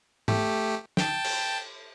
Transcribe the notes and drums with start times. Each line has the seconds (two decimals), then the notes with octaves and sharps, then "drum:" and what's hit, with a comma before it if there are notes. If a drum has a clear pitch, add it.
0.28 A3 G4, drum: tom G#2
0.97 G5 A5, drum: snare
1.24 drum: cymbal